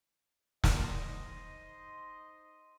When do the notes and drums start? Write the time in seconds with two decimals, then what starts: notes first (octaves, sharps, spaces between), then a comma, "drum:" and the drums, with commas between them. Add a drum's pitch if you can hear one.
0.64 D#4 C5 D#5 C6, drum: snare